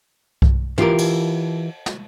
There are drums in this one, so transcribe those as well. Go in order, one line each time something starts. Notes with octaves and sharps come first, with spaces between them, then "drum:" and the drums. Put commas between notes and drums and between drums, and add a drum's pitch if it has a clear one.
drum: kick B1
E3 F4 G4 A#4, drum: tom
drum: cymbal
drum: snare